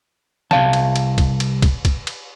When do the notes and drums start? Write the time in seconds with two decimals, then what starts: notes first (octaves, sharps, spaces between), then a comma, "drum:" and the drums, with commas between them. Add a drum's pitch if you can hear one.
0.51 C2 F5 A5, drum: snare
0.73 drum: cymbal
0.96 drum: cymbal
1.18 drum: kick, cymbal
1.40 drum: cymbal
1.62 drum: kick, cymbal
1.85 drum: kick, cymbal
2.07 drum: cymbal